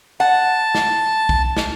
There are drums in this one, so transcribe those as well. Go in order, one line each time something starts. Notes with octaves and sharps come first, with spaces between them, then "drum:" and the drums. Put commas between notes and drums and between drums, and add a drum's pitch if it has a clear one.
F#5 A5
drum: snare
drum: kick
drum: snare